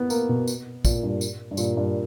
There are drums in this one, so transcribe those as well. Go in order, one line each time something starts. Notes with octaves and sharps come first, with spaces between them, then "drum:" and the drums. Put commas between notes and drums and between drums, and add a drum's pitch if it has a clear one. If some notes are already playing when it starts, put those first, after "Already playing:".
Already playing: B3
A#3, drum: tambourine
B2
drum: tambourine
A#2, drum: kick, tambourine
G2
drum: tambourine
G2
A#2, drum: tambourine
G2